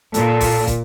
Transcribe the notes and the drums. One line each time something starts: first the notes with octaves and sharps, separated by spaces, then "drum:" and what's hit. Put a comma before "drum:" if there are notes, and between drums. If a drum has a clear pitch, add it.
A#2 A4, drum: hi-hat
drum: kick, open hi-hat
drum: kick, hi-hat